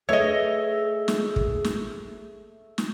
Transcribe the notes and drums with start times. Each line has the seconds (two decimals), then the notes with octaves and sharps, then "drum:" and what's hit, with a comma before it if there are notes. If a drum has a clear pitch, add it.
0.09 A3 G#4 B4 C#5 D#5 E5
1.08 drum: snare
1.36 drum: kick
1.64 drum: snare
2.78 drum: snare